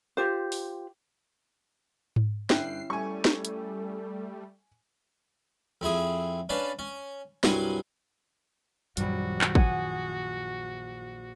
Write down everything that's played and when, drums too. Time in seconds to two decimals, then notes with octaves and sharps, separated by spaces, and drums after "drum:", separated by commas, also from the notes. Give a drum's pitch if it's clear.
0.17 F4 G4 C5
0.52 drum: open hi-hat
2.16 drum: tom G#2
2.50 G2 D3 C#4 E4 C#5 G5 F#6 C7, drum: snare
2.90 G3 A3 A4 G#5 C#6
3.25 drum: snare
3.45 drum: hi-hat
5.81 F2 C4 E4 G#4
6.49 C#4 D4 B4 F5 A5
6.79 C#4
7.44 C2 G2 F#3 F#5 G#5 C6, drum: snare
8.97 A#1 F#2 D#3 G3 F#4, drum: hi-hat
9.41 drum: clap
9.55 F#5 G#5 D#6 G#6, drum: kick